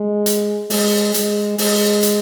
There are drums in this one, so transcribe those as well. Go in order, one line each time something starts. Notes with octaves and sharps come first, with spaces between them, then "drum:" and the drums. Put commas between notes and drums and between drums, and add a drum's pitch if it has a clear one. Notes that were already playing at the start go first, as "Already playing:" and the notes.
Already playing: G#3
drum: hi-hat
G#3, drum: open hi-hat
G#3, drum: hi-hat
G#3, drum: open hi-hat
drum: hi-hat